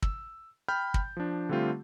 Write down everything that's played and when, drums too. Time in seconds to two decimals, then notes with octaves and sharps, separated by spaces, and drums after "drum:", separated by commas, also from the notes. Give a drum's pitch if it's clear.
0.02 E6, drum: kick
0.68 G5 B5 F6 G6
0.94 drum: kick
1.17 F3 D4
1.49 D3 G3 A3 C4 F4 G4